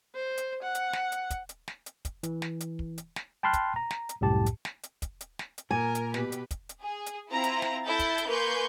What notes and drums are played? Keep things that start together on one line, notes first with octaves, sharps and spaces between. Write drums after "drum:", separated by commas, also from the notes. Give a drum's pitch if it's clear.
C5
drum: hi-hat
F#5
drum: hi-hat
drum: snare
drum: hi-hat
drum: kick, hi-hat
drum: hi-hat
drum: snare
drum: hi-hat
drum: kick, hi-hat
E3, drum: hi-hat
drum: snare
drum: hi-hat
drum: kick
drum: hi-hat
drum: snare
G5 A5 B5 C6 F6 F#6
drum: kick, hi-hat
A#5
drum: snare
drum: hi-hat
C2 F#2 A2 G4 A5
drum: hi-hat
drum: snare
drum: hi-hat
drum: kick, hi-hat
drum: hi-hat
drum: snare
drum: hi-hat
A#2 A#4 G#5
drum: hi-hat
B2 G4 B4, drum: snare
drum: hi-hat
drum: kick, hi-hat
drum: hi-hat
G#4
drum: hi-hat
C4 E4 F4 A#5
drum: hi-hat
drum: snare
E4 A4 G6 A6
drum: kick, hi-hat
drum: hi-hat
A#3 B4 G#5 C6 C#6 G6